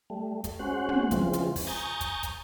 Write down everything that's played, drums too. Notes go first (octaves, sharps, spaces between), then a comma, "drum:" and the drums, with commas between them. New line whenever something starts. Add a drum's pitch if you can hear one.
G3 A3
drum: kick, hi-hat
G#3 C#4 F#4 C5 F#5
drum: tom
C#3 E3 F3 G#3 C4 F4, drum: kick, hi-hat
drum: hi-hat
drum: kick, open hi-hat
G#5 A#5 C#6 D#6 G6 A6
drum: kick, hi-hat
drum: kick, hi-hat